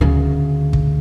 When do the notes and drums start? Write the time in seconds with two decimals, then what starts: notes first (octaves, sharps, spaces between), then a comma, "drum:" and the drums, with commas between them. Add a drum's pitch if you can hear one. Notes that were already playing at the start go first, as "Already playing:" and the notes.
0.01 D2 C#3
0.73 drum: kick